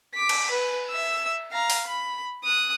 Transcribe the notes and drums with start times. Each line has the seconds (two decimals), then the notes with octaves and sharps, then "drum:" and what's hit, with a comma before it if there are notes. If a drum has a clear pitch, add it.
0.14 D6 B6
0.29 drum: cymbal
0.51 B4
0.90 E5 E6
1.52 F5 A#5
1.70 drum: open hi-hat
1.87 B5
2.44 D#6 F#6